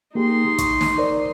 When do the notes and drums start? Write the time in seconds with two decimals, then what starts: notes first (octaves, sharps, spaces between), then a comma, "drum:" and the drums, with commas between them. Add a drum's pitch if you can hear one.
0.15 A#3 D#4 G4 G#4 C6
0.58 C#6, drum: kick, hi-hat
0.81 drum: snare
0.98 A#4 C5 D5